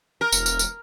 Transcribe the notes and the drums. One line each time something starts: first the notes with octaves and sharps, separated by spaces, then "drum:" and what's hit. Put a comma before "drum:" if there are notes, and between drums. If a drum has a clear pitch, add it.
A#4
E1, drum: tambourine
drum: tambourine
drum: tambourine